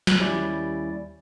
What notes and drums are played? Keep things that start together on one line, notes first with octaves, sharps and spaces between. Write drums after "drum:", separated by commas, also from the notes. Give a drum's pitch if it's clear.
drum: snare
D#2 G3 C#4 E4 D5 A6